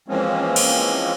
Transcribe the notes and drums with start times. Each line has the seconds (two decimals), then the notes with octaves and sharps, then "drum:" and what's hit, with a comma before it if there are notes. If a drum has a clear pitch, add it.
0.08 E3 F3 G#3 A#3 C4 C#4
0.56 drum: cymbal